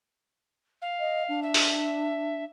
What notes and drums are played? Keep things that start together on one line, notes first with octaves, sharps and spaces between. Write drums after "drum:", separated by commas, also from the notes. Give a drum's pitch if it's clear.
F5
D#5
D4
E5
drum: open hi-hat